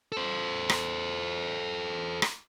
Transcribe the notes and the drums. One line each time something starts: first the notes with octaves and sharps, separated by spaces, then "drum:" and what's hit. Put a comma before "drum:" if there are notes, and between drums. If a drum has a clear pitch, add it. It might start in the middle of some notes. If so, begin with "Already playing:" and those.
A4 C5
drum: rim click
drum: rim click